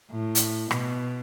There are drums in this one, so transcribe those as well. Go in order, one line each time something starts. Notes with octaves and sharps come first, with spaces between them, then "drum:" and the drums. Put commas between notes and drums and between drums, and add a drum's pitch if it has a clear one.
A2
drum: hi-hat
B2, drum: rim click